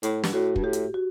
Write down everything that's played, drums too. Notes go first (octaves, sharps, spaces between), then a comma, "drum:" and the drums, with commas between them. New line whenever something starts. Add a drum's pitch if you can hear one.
A2, drum: hi-hat
G2, drum: snare
A2 F#4
G2, drum: kick
A2 G4
drum: hi-hat
F#4